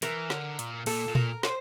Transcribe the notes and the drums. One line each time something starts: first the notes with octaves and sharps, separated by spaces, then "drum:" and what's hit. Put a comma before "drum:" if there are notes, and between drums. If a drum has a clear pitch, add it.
E3 A#4, drum: hi-hat
D3, drum: snare
A#2, drum: hi-hat
A#2 A4, drum: open hi-hat
A#2
A#4, drum: tom A#2
C5, drum: snare